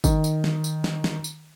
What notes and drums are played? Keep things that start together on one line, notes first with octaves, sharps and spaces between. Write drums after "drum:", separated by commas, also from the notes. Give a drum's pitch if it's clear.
D#3, drum: kick, tambourine
drum: tambourine
drum: snare
drum: tambourine
drum: snare
drum: snare
drum: tambourine